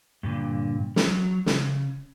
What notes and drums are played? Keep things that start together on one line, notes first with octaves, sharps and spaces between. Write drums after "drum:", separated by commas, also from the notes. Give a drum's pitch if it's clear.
G2 A#2 D3
F#3, drum: snare
C#3, drum: snare